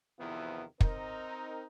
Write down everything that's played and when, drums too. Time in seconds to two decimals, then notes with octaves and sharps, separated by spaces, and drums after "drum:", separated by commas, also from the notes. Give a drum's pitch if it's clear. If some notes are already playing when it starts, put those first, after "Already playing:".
0.19 E2 C3 D#3 F3 B3 E4
0.81 C4 D#4 A#4, drum: kick